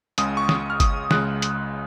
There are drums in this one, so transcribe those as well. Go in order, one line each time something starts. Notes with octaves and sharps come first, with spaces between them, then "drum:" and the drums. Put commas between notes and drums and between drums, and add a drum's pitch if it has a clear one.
C#2 C#3 G#3 D#6, drum: hi-hat
C#6
D#6, drum: snare
F6
D#6, drum: kick G1, hi-hat
C#2 C#3 G#3 F#6, drum: snare
drum: hi-hat